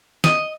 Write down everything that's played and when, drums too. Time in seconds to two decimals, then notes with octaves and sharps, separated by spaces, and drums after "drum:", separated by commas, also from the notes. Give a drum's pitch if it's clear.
0.24 D#5, drum: snare